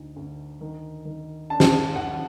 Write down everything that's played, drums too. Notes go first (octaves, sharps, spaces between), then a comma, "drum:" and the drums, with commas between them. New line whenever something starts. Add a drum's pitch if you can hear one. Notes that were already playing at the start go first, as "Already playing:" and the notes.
Already playing: D2 D#4
D2
D#3
D#3
D4 A5
drum: snare
D#2 F#5